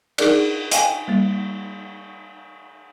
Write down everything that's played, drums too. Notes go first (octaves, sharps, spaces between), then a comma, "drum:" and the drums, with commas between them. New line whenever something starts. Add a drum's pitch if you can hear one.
D#4 G#4 A#4 D5, drum: cymbal
D#5 F5 G5 G#5, drum: hi-hat
G3 A#3